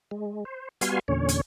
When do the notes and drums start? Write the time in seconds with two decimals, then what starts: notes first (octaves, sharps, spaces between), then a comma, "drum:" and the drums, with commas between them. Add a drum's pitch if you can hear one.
0.11 G#3
0.45 C5
0.81 G3 B3 F#4 F5 G#5 C6, drum: hi-hat
1.08 E2 A#2 D3 C#4 C#5
1.29 drum: hi-hat